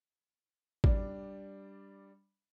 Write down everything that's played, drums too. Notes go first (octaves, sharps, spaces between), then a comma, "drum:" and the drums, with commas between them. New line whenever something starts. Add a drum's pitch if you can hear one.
G3 D4, drum: kick